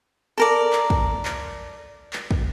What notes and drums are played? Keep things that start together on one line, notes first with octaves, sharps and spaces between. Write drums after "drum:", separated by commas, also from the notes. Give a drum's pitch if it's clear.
A4 A#4 D5
drum: clap
drum: kick
drum: clap
drum: clap
drum: kick